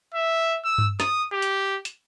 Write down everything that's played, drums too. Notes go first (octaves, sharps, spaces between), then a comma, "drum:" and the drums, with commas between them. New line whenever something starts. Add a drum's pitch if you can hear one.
E5
E6
drum: tom G2
D#6, drum: snare
G4
drum: hi-hat
drum: hi-hat